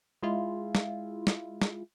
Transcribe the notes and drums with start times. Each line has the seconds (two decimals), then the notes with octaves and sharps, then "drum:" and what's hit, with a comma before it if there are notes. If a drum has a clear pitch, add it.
0.22 G#3 E4 F4
0.75 drum: snare
1.27 drum: snare
1.62 drum: snare